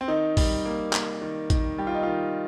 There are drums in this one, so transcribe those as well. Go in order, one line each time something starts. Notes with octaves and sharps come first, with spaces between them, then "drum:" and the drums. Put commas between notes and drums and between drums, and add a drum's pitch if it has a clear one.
C4
D#3 D#4
G3, drum: kick A1, open hi-hat
A#3
A#3, drum: clap
D#3
D#3, drum: kick A1, hi-hat
G3 G4
F4
D#4
D#3 F4